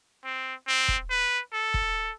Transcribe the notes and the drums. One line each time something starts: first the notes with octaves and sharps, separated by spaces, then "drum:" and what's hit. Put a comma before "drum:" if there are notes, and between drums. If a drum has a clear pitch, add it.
C4
C4
drum: kick
B4
A4
drum: kick